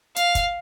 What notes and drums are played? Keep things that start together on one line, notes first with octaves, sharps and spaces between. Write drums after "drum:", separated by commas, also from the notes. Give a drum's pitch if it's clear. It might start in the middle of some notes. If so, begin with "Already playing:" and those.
F5, drum: hi-hat
drum: kick, hi-hat